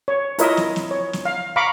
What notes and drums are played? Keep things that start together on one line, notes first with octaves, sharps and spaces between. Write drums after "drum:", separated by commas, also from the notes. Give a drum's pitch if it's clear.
C#5
E4 F4 A#4 C#5 D#5 E5, drum: hi-hat
drum: snare
drum: snare
C#5
drum: snare
F5
F5 A#5 B5 C#6 D6